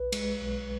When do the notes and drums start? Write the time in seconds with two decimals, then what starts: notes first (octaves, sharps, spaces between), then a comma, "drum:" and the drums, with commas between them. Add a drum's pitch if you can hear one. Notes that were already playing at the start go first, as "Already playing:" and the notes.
Already playing: B1 B4
0.12 G#3, drum: cymbal
0.42 B1